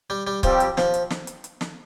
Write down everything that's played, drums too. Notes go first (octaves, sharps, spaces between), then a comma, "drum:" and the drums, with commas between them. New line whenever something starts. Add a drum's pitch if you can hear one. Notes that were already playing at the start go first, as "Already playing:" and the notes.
G3
G3
F3 G3 C4 G4, drum: kick C#1, hi-hat
drum: hi-hat
F3, drum: snare
drum: hi-hat
drum: snare
drum: hi-hat
drum: hi-hat
drum: snare